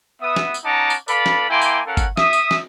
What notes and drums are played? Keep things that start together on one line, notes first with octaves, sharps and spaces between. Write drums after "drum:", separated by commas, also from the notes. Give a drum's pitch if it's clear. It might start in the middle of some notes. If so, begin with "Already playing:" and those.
B3 E5 D#6
drum: snare
drum: tambourine
C#4 D#4 F#5 A5 A#5 D6
drum: tambourine
A4 B4 D5 F5 B5, drum: tambourine
drum: snare
A#3 E4 G5 G#5 C6 D6
drum: tambourine
C#4 A4 A#4 F5 F#5
drum: kick G1, tambourine
E5 D#6, drum: snare
drum: tambourine
drum: snare